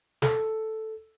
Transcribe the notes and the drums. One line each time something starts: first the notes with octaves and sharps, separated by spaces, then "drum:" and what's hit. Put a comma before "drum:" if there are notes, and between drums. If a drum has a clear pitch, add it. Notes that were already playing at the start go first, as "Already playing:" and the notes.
A4, drum: snare